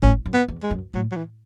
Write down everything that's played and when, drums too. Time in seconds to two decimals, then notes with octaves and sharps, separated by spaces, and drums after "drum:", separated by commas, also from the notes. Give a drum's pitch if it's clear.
0.03 A2 C#4, drum: kick G#1
0.26 F#2
0.33 B3
0.48 E2
0.63 G#3
0.71 F#2
0.94 A2 F#3
1.11 F#3
1.16 E3